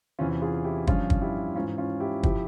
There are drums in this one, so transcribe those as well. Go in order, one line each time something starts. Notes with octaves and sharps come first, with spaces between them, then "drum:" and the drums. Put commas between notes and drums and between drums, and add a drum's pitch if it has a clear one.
E2 C3 E3 C#4 F4
F4 G#4
E4 G4
G2 F3 C#4 F4, drum: kick
drum: kick
E4 G4
G#2 E3 C#4 F4
C#4 F4
E4 G4
F3 E4 G4, drum: kick